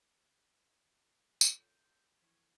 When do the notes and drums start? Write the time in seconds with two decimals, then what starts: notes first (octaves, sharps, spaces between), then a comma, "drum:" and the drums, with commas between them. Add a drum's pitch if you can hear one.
1.41 drum: tambourine
1.57 C4 F4 A4 C#5
2.22 E3 F3 E4 C#5